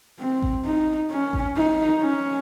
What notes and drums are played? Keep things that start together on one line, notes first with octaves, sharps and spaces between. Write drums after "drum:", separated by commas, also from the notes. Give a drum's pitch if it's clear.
C4
drum: kick A1
D#4
C#4
drum: kick A1
D#4
C#4